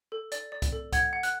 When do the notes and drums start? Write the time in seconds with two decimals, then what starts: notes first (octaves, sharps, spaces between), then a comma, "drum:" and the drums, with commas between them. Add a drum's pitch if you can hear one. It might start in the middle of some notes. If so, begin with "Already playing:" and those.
0.12 A4
0.32 D5, drum: hi-hat
0.52 D5
0.62 drum: kick C2, hi-hat
0.72 A4
0.93 F#5 G#6, drum: kick C2, hi-hat
1.13 F#5
1.23 F#6, drum: hi-hat